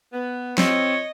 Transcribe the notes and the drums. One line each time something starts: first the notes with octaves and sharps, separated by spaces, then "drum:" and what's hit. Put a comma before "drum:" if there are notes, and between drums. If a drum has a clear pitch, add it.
B3
F3 C4 F4 C#5 D#5, drum: snare